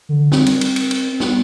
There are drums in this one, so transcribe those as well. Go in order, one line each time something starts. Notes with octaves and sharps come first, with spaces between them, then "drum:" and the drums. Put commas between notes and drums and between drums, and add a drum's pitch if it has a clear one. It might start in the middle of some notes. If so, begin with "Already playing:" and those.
D3
C4, drum: snare
drum: cymbal
drum: cymbal
drum: cymbal
drum: cymbal
C4
B3, drum: snare